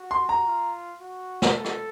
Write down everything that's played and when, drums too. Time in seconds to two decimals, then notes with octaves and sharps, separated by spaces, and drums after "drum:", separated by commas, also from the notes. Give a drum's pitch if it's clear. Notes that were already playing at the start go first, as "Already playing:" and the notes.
Already playing: F#4
0.11 C6
0.29 A#5
0.47 F4
1.00 F#4
1.42 drum: snare
1.54 A4
1.64 drum: rim click